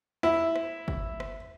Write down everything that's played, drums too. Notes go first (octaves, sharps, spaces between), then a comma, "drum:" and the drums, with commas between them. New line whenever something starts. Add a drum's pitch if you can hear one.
E4, drum: rim click
drum: rim click
drum: kick
drum: rim click